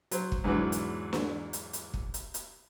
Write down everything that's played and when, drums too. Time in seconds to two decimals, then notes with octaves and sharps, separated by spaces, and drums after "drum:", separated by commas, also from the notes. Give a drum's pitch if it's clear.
0.11 F#3 C5, drum: hi-hat
0.32 drum: kick
0.44 E2 G#2 D3 E3 F#3
0.72 drum: hi-hat
1.13 drum: snare
1.53 drum: hi-hat
1.73 drum: hi-hat
1.94 drum: kick
2.14 drum: hi-hat
2.34 drum: hi-hat